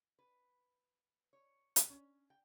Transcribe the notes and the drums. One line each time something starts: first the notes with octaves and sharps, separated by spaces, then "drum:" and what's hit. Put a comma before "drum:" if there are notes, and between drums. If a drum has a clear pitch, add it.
B4
C#5
drum: hi-hat
C#4
G5